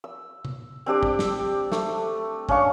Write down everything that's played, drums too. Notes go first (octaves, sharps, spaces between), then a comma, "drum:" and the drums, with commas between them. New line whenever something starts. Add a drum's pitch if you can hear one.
E6
drum: tom
C4 D4 G4 D5
drum: kick
drum: snare
A3, drum: snare
C#4 D4 F5 C#6, drum: kick